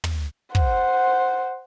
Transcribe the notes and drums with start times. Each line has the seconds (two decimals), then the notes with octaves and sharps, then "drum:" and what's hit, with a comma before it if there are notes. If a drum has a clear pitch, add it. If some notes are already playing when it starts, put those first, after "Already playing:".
0.04 drum: tom
0.55 C5 F#5, drum: kick